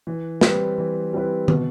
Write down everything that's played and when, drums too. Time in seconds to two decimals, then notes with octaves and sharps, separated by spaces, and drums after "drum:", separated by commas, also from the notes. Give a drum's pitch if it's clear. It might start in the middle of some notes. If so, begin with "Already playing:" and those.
0.07 E3
0.41 G3 C4 E4 B4, drum: snare
0.78 E3
1.13 G3 C4 E4 B4
1.48 B2, drum: tom